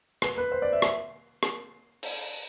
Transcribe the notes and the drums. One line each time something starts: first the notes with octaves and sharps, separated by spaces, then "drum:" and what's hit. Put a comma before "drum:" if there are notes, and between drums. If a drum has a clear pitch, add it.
B4, drum: rim click
B4
C5
D5
E5
drum: rim click
drum: rim click
drum: open hi-hat